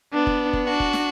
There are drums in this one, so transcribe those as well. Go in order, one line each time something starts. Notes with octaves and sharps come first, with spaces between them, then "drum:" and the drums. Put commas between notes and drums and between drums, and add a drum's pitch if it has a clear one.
B3 D4
drum: kick F#1
drum: kick F#1
D4 F#4
drum: kick F#1
drum: snare